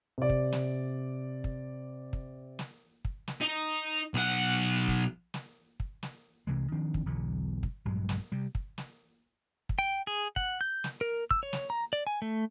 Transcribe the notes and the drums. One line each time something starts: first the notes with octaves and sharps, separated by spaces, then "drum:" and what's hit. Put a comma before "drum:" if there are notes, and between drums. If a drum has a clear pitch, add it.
C3 D5
drum: kick
drum: snare
drum: kick
drum: kick
drum: snare
drum: kick
drum: snare
D#4
B1 F#5
drum: kick
drum: snare
drum: kick
drum: snare
C2 C3 E3 G#3
D#3 F3 C4 D4
drum: kick
B1 E2 D3 F#3
drum: kick
A#1 G2 F#3 G#3
drum: snare
C3 G3
drum: kick
drum: snare
drum: kick
G5
G#4
F#5, drum: kick
G6
drum: snare
A#4
E6, drum: kick
C#5
drum: snare
A#5
D5
G#5
A3